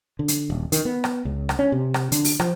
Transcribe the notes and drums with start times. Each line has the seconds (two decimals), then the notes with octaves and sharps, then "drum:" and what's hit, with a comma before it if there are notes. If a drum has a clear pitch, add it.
0.19 D3
0.28 drum: hi-hat
0.50 D#1
0.72 D#3, drum: hi-hat
0.85 B3
1.04 drum: rim click
1.25 C#2
1.49 drum: rim click
1.59 C#4
1.72 C3
1.94 drum: rim click
2.12 D3, drum: hi-hat
2.24 drum: open hi-hat
2.40 F3, drum: rim click